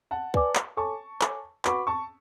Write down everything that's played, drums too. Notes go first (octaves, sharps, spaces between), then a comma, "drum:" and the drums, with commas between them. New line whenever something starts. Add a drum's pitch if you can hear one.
F#5 A5
B4 D5 G#5 D6, drum: kick
drum: clap
A4 C#5 G#5 A5 C#6 D6
A4 C#5 G#5 D6, drum: clap
F#4 B4 F#5 B5 C#6 D6, drum: clap
A5 C#6